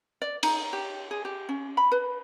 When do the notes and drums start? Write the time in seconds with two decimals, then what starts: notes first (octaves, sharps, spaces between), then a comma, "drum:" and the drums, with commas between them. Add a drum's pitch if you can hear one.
0.22 D5
0.43 D#4, drum: cymbal
0.73 G4
1.11 G#4
1.25 G4
1.49 C#4
1.77 B5
1.92 B4